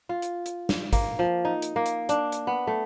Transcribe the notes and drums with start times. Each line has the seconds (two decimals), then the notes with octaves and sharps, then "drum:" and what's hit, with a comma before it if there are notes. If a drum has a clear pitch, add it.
0.09 F4
0.22 drum: hi-hat
0.46 drum: hi-hat
0.69 drum: snare
0.93 A#3, drum: kick, hi-hat
1.19 F3
1.45 D#4
1.62 drum: hi-hat
1.76 A#3
1.86 drum: hi-hat
2.09 D4, drum: hi-hat
2.32 drum: hi-hat
2.47 B3
2.67 A3